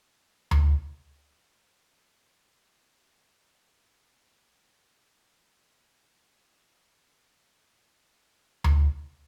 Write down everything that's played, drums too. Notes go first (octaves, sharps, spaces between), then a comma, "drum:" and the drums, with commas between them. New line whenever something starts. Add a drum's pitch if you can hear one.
E3 G3 F5 A5 A#5
drum: tom D2
D#3 E3 A#3 E5
C2 G#2 D4 E4
F#6
A#6
D5
C3
F3
G#3
D#2 A#3
drum: tom D2